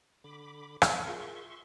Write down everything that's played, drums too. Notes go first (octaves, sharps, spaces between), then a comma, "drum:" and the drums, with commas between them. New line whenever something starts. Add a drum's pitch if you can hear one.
D3 B5 D6
drum: rim click
F4 G#4 A#4 E5 C6 C#6